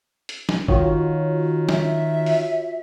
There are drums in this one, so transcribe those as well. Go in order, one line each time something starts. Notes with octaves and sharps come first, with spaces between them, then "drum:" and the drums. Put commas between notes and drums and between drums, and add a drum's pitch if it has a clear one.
drum: hi-hat
drum: snare
D#3 F4 F#4 C#5, drum: kick G1
E5, drum: snare
drum: open hi-hat